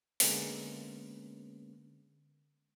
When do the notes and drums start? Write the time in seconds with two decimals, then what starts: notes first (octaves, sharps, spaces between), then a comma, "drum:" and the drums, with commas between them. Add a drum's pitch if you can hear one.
0.20 D3 G#3 A#3 B3 C#4, drum: open hi-hat